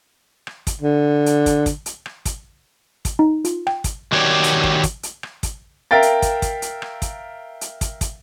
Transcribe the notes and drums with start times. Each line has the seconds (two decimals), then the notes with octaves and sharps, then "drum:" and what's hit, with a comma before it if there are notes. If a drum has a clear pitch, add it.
0.47 drum: rim click
0.67 drum: kick, hi-hat
0.81 D3
1.26 drum: hi-hat
1.46 drum: kick, hi-hat
1.66 drum: kick, hi-hat
1.86 drum: hi-hat
2.06 drum: rim click
2.25 drum: kick, hi-hat
3.05 drum: kick, hi-hat
3.19 D#4
3.45 F4, drum: hi-hat
3.67 G5, drum: rim click
3.84 drum: kick, hi-hat
4.12 D#3 F#4 G4 C#5 D5
4.44 drum: hi-hat
4.64 drum: kick
4.83 drum: kick, hi-hat
5.03 drum: hi-hat
5.23 drum: rim click
5.43 drum: kick, hi-hat
5.91 A#4 E5 F5 G5 A6
6.03 drum: hi-hat
6.22 drum: kick, hi-hat
6.42 drum: kick, hi-hat
6.62 drum: hi-hat
6.82 drum: rim click
7.02 drum: kick, hi-hat
7.61 drum: hi-hat
7.81 drum: kick, hi-hat
8.01 drum: kick, hi-hat